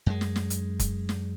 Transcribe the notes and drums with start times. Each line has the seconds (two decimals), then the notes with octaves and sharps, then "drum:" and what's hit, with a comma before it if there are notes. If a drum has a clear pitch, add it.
0.06 F#2 G#3
0.21 drum: snare
0.36 drum: snare
0.50 drum: hi-hat
0.79 drum: kick F1, hi-hat
1.09 drum: snare